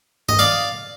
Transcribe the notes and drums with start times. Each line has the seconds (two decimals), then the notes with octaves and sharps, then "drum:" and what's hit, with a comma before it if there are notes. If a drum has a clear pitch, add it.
0.29 D#5, drum: tom G2
0.39 D5 F5